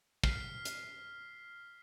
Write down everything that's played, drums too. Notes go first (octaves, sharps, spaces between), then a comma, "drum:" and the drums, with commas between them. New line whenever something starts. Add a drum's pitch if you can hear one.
F6 B6 C7, drum: kick
drum: hi-hat